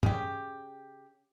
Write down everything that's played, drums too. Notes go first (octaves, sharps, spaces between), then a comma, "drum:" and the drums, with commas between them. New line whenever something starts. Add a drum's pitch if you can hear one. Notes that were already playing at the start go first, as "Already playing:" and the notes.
C#3 G4, drum: tom